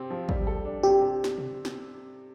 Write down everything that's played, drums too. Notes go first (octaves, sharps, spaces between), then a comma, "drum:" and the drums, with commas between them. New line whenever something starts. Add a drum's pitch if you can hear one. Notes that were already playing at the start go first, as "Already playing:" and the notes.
Already playing: C3 C4
F3
G3, drum: kick
A4
D4
C3 G4
C3
drum: snare
drum: tom B2
drum: snare